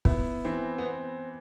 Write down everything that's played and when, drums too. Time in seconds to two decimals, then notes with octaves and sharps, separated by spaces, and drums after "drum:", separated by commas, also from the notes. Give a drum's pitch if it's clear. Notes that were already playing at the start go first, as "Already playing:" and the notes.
0.05 B3 E4, drum: kick
0.45 E3 C4
0.78 B3
0.85 C4